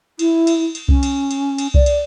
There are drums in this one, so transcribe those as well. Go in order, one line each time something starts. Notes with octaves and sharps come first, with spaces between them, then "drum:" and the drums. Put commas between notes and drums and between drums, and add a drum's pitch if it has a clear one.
E4, drum: cymbal
drum: cymbal
drum: cymbal
C#4, drum: kick C2
drum: cymbal
drum: cymbal
drum: cymbal
D5, drum: kick C2
drum: cymbal